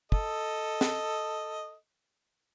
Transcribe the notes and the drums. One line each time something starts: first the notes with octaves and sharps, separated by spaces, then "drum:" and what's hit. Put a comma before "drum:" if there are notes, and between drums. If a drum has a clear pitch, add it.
A4 D#5, drum: kick
drum: snare